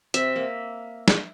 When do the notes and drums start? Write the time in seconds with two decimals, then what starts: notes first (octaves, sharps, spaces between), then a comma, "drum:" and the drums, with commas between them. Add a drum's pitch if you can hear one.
0.14 C3 E5, drum: hi-hat
0.36 A#3
1.08 drum: snare